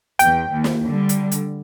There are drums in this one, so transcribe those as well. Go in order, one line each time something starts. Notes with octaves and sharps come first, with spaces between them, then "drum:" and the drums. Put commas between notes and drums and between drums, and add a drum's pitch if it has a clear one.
E2 G5, drum: hi-hat
D#2
drum: snare
D3 G3
drum: hi-hat
drum: hi-hat